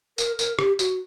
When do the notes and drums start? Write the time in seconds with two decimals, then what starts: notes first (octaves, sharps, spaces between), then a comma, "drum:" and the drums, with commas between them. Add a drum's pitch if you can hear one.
0.18 A#4, drum: tambourine
0.39 A#4, drum: tambourine
0.59 G4, drum: rim click
0.79 F#4, drum: tambourine